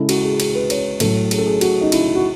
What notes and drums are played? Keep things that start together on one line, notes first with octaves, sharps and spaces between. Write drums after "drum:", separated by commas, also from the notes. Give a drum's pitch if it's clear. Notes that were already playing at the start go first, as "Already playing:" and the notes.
Already playing: C#3 G#3 E4 A4
F#4, drum: cymbal
G#4
G#4, drum: cymbal
B4
C#5, drum: cymbal
A2 F#3 A4, drum: cymbal
G#4, drum: cymbal
A4
G#4
F#4, drum: cymbal
D#4
E4, drum: cymbal
F#4